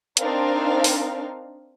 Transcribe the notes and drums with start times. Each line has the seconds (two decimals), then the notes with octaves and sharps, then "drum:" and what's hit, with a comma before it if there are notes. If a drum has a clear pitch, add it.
0.17 C4 D4 D#4 A#4 F5, drum: hi-hat
0.84 drum: open hi-hat